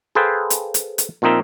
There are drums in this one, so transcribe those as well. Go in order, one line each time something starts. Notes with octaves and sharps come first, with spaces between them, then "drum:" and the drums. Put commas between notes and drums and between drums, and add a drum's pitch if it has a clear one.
G#4 A4 B4 C5 F5 G5
drum: hi-hat
drum: hi-hat
drum: hi-hat
A#2 F3 C4 D#4 A#4 E5